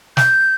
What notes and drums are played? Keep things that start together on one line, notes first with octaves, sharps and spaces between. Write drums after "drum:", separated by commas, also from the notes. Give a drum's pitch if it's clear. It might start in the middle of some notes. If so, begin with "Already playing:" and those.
G6, drum: snare